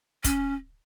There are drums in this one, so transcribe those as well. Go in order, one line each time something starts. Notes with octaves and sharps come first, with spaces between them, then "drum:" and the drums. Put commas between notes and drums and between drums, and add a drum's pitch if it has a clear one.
C#4, drum: kick, hi-hat